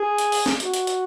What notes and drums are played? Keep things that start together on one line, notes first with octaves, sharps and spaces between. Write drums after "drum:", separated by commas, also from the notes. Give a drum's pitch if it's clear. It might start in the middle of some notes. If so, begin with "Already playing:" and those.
Already playing: G#4
drum: hi-hat
drum: open hi-hat
drum: snare
F#4, drum: hi-hat
drum: hi-hat
drum: hi-hat